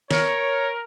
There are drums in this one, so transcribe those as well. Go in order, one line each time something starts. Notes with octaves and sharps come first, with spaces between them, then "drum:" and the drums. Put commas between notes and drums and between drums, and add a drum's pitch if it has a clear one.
A#4 C#5, drum: snare